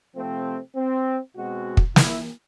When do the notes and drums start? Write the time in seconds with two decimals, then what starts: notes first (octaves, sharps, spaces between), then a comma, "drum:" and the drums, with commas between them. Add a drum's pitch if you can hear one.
0.15 C3 F3 A3 C4
0.75 C4
1.36 B2 G#3 C4 F#4
1.77 drum: kick
1.96 E4, drum: snare